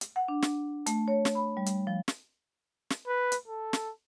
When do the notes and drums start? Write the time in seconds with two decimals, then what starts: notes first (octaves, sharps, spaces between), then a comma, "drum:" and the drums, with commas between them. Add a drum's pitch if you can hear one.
0.01 drum: hi-hat
0.16 F#5
0.28 D4
0.42 drum: snare
0.86 A3, drum: hi-hat
1.08 C#5
1.25 drum: snare
1.35 B5
1.57 G3
1.66 drum: hi-hat
1.87 F3
2.08 drum: snare
2.90 drum: snare
3.08 B4
3.32 drum: hi-hat
3.48 A4
3.73 drum: snare